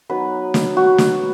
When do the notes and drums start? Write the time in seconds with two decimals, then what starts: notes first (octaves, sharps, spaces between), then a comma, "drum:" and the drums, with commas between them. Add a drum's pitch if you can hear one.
0.10 F#3 B3 D#4 B4
0.54 drum: snare
0.77 F#4
0.98 drum: snare